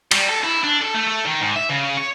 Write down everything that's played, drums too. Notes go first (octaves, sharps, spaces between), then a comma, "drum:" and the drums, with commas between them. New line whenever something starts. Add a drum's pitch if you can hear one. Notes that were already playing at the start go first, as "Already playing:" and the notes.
G3, drum: cymbal
A4
E4
D4
A4
A3
A3
D#3
G#2
E5
C#3
C#5